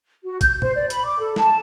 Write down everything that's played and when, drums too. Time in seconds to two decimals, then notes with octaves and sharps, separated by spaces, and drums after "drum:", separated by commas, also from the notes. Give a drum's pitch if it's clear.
0.24 F#4
0.41 G6, drum: kick, hi-hat
0.62 C5, drum: tom A#2
0.75 D5
0.90 B5, drum: hi-hat
1.05 D6
1.19 A4
1.36 A5, drum: snare